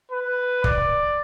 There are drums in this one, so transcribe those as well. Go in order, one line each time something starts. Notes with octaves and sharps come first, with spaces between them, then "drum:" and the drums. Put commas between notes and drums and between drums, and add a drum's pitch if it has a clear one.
B4
D5, drum: kick